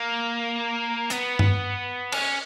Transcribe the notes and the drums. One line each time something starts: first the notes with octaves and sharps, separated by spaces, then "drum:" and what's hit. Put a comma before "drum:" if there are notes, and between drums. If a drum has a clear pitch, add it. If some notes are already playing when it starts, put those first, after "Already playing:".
Already playing: A#3
B3, drum: hi-hat
drum: tom G2
C#4, drum: cymbal